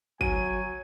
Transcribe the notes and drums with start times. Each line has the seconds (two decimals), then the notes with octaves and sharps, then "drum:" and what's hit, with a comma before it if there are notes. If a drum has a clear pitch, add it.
0.21 F#3 G#5 D#7, drum: kick G1